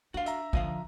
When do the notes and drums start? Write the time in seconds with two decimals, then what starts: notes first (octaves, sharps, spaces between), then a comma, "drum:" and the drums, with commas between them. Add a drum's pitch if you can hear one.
0.14 D4 F#4 F5
0.26 E5 A#5, drum: hi-hat
0.53 D3 F3 D#5 F5, drum: kick